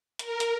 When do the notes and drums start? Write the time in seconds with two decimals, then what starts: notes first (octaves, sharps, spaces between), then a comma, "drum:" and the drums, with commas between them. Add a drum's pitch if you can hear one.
0.19 A#4, drum: hi-hat
0.40 drum: hi-hat